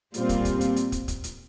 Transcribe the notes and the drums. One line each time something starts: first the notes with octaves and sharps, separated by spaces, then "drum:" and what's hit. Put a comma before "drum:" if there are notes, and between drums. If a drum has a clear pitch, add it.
A#2 G3 C4 F4, drum: hi-hat
drum: kick, hi-hat
drum: kick, hi-hat
drum: hi-hat
drum: hi-hat
drum: kick, hi-hat
drum: kick, hi-hat
drum: hi-hat